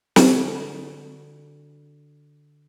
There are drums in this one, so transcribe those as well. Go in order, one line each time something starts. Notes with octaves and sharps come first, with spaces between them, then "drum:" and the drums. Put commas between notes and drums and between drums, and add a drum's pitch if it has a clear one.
D3 F#4 G#4 C6, drum: snare